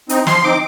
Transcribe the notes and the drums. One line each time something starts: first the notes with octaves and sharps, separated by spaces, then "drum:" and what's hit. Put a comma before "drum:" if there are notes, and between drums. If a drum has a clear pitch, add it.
C4 D#4, drum: hi-hat
F3 C6, drum: snare
C4 D#4 D6